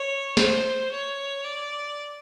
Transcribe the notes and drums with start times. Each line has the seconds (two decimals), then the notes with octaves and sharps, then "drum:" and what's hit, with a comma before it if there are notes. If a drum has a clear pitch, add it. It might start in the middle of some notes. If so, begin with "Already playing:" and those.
Already playing: C#5
0.37 C5, drum: snare
0.91 C#5
1.44 D5